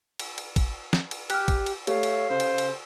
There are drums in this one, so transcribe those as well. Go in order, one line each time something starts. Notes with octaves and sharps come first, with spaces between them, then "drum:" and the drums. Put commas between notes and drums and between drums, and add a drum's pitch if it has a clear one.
drum: cymbal
drum: cymbal
drum: kick, cymbal
drum: snare
drum: cymbal
G4 F6 F#6, drum: cymbal
drum: kick, cymbal
drum: cymbal
A3 G4 A4 C#5 F5, drum: cymbal
drum: cymbal
C#3 C5
drum: cymbal
drum: cymbal